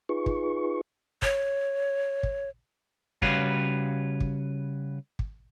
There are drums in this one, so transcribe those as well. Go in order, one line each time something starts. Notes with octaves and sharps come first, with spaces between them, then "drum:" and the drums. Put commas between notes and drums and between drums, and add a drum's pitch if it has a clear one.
D#4 F4 G#4 B4 C#6
drum: kick
C#5, drum: kick
drum: kick
C#3 G3 F#4 B4 C#5 F5, drum: kick
drum: kick
drum: kick